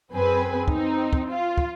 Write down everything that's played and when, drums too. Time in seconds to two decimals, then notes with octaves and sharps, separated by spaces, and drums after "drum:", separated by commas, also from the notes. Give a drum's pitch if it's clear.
0.12 F#2 C4 G#4 B4 G#5
0.68 C4 D#4, drum: kick
1.13 drum: kick
1.29 F4
1.58 drum: kick